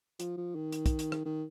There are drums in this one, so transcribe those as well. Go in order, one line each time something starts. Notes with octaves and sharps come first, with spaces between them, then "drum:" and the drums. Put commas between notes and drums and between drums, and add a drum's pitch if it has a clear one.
F3, drum: hi-hat
F3
D#3
drum: hi-hat
drum: kick, hi-hat
drum: hi-hat
drum: rim click
D#3